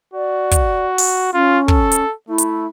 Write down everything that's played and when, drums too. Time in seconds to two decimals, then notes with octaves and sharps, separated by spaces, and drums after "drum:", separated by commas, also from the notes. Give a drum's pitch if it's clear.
0.14 F#4 D5
0.51 drum: kick, hi-hat
0.98 drum: open hi-hat
1.34 C#4 F4
1.68 A4, drum: kick
1.92 drum: hi-hat
2.29 A3 E4
2.38 drum: hi-hat